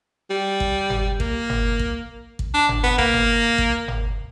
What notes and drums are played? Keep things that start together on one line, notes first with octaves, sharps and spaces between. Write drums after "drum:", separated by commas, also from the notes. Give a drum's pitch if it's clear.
G3
drum: kick
drum: tom G1
A#3, drum: kick
drum: tom G1
drum: kick
drum: kick
D4
drum: tom G1
B3
A#3, drum: kick
drum: tom G1
drum: kick
drum: tom G1